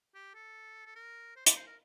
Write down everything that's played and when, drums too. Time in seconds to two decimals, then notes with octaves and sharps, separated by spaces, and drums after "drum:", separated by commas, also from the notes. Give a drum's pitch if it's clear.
0.15 G4
0.35 A4
0.86 A4
0.96 A#4
1.36 C5
1.46 D5, drum: hi-hat
1.57 C5
1.67 A#4